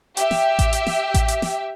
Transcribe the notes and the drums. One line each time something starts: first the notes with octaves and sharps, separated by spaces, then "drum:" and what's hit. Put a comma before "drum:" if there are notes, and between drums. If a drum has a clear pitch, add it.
G4 E5, drum: hi-hat
drum: snare
drum: kick A1, hi-hat
drum: hi-hat
drum: snare
drum: kick A1, hi-hat
drum: hi-hat
drum: snare